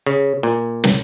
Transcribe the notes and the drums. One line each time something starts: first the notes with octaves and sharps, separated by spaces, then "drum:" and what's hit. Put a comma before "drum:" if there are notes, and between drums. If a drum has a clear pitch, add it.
C#3
A#2
drum: snare